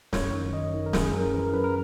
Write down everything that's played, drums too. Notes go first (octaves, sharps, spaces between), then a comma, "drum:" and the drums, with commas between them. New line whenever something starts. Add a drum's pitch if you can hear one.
F#2 C#5, drum: snare
D#3
G#1 D#5
D#3
A#4
F#2 G#4, drum: snare
F#2 A#4
E3 A#4
F#2 B4
A#4